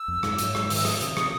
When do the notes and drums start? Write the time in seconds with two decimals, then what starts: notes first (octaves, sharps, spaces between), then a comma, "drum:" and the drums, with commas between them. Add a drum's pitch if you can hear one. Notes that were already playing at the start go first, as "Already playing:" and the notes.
Already playing: E6
0.08 F2
0.23 G#2, drum: rim click
0.38 F#3, drum: hi-hat
0.55 G#2, drum: rim click
0.70 D#3, drum: open hi-hat
0.76 E6
0.85 F3 D#6, drum: rim click
1.01 C3, drum: hi-hat
1.17 C3, drum: rim click